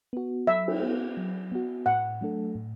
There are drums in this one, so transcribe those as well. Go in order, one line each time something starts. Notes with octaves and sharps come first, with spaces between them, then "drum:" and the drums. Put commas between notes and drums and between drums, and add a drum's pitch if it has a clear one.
B3 F#4
F#3 E5
drum: cymbal
B3 F#4
F#3
B3 F#4
A2 F#5
F#3 A3 D4 A4
A2